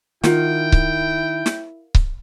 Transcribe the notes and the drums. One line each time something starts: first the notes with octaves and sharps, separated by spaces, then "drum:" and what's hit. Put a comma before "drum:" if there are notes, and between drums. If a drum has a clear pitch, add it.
D#3 E4 F4 A#4 F#5 G5, drum: snare
drum: kick C#1
drum: snare
drum: kick C#1